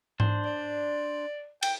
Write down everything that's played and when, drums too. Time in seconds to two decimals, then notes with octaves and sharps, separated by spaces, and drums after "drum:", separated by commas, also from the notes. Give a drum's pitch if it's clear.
0.20 D4 C5, drum: tom G#2
0.45 D5
1.63 G5, drum: cymbal